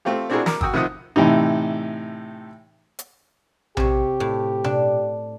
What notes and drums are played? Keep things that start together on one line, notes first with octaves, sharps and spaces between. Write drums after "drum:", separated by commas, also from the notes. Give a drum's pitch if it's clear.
A3 C4 F4 G4
C4 D4 E4 F#4 G#4 A#4
A#4 D6, drum: snare
F#4 G5 D#6 E6, drum: kick G1
C3 D#3 F3 F#5 D#6
A2 C3 E3 D#4
drum: hi-hat
C3 G4 C#5, drum: tom A#1
A2
D4, drum: tom B2